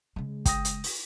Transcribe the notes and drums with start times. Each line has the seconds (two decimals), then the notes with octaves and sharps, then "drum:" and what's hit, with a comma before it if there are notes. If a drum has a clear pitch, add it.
0.16 C#3 G#3
0.45 G5 D#6 A#6, drum: kick, hi-hat
0.65 drum: hi-hat
0.84 drum: open hi-hat